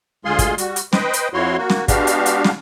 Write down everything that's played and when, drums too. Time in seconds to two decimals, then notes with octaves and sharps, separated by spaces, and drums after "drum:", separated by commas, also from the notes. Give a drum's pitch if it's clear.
0.25 D2 G#3 F4 G#4 C6
0.39 drum: kick, hi-hat
0.58 G3 F#4, drum: hi-hat
0.76 drum: hi-hat
0.93 B4 C5 D#5 G5, drum: snare
1.13 drum: hi-hat
1.34 F2 F3 E4 F#4 C#5 C6
1.58 A#3 F#4
1.70 drum: snare
1.88 G#3 B3 D4 F#4 G4 F5, drum: kick, hi-hat
2.07 drum: hi-hat
2.26 drum: hi-hat
2.44 drum: snare